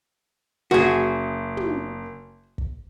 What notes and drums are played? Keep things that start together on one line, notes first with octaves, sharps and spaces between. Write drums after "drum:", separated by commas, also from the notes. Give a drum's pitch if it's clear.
F#1 F#4 G#4
drum: tom
drum: kick